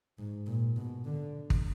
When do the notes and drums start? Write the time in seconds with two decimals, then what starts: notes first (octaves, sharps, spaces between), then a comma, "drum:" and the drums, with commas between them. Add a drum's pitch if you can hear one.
0.18 G#2
0.47 A#2
0.76 B2
1.05 D3
1.50 drum: kick